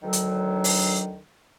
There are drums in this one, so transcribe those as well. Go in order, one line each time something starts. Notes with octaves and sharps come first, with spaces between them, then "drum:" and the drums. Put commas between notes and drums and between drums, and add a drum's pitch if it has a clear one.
D2 D3 D#3 F#3
drum: hi-hat
drum: open hi-hat